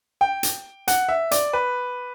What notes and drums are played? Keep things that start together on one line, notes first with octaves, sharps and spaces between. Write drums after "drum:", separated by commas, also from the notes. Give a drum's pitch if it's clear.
G5
drum: hi-hat
F#5, drum: hi-hat
E5
D5, drum: hi-hat
B4